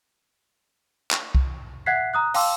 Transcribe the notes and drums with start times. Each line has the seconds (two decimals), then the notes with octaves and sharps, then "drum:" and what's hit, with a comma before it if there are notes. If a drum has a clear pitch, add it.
1.11 drum: clap
1.35 drum: kick
1.86 E5 F#5 F#6 G#6 B6 C7
2.14 A#5 D#6 F#6
2.34 F5 G5 A5 C6 D6 E6, drum: open hi-hat